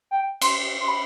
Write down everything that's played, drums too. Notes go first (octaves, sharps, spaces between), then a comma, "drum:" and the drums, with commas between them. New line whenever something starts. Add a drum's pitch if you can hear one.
G5
C6, drum: cymbal
C6
B5